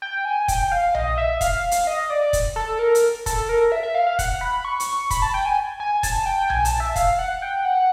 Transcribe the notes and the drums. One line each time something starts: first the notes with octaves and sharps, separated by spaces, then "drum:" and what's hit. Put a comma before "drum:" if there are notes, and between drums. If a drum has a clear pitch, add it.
G5
G#5
G5, drum: kick, hi-hat
F5
D#5, drum: tom B1
E5
F5, drum: kick, hi-hat
drum: hi-hat
D#5
D5
drum: kick, hi-hat
A4
A#4
drum: hi-hat
A4, drum: kick, hi-hat
A#4
E5
E5
F5
F5
F#5, drum: kick, hi-hat
B5
C#6
drum: hi-hat
B5, drum: kick, hi-hat
A5
G5
G#5
G#5
A5, drum: kick, hi-hat
G5
G#5, drum: tom B1
A5, drum: hi-hat
E5
F5, drum: kick, hi-hat
F#5
G5
F#5